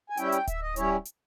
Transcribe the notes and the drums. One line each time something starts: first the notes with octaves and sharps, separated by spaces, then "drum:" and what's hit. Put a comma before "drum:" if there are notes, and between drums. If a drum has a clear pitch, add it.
G#5
G3 C#4 E4 G5, drum: hi-hat
E5
G5, drum: hi-hat
E5, drum: kick D1, hi-hat
D#5
G3 C#4 E4 C#5, drum: hi-hat
drum: hi-hat